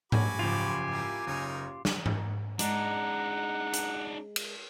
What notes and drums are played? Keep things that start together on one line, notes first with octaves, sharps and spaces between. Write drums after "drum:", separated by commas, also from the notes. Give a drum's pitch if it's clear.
F#4 G#5 B5 D6, drum: tom G#2
F#1 F3 F4 G4 F7
G3 A#3 E4
F#1 D#4 A#4 C#5
drum: snare
drum: tom G#2
G#3 D4 D#4 F#5 A#5, drum: hi-hat
drum: hi-hat
drum: cymbal